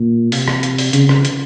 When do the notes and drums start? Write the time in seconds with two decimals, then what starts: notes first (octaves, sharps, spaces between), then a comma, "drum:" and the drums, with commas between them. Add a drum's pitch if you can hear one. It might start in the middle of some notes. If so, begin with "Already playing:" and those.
Already playing: A#2
0.32 C3, drum: open hi-hat
0.48 drum: rim click
0.63 drum: hi-hat
0.78 drum: open hi-hat
0.93 C#3, drum: hi-hat
1.09 drum: rim click
1.25 drum: hi-hat